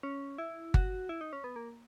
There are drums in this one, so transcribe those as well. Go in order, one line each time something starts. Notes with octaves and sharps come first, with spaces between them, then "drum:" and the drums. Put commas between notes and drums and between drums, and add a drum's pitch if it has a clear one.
C#4
E4
F#4, drum: kick G1
E4
D#4
C#4
B3
A#3